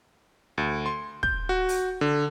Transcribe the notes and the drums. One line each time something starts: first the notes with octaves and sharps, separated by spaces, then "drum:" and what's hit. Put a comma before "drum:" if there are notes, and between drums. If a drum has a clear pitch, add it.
D2
C6
G6, drum: kick
F#4
drum: open hi-hat
D3